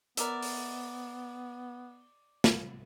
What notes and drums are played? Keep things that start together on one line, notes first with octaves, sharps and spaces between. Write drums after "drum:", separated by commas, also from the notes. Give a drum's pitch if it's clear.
B3 A#4 D5 E5, drum: hi-hat
drum: open hi-hat
drum: snare